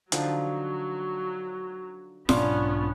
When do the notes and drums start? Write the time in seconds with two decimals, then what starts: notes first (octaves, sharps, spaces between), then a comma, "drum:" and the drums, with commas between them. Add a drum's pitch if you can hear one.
0.12 D3 F3 F#3 D#4, drum: hi-hat
2.29 B1 G#2 B3 C#4 D4 F4, drum: snare F4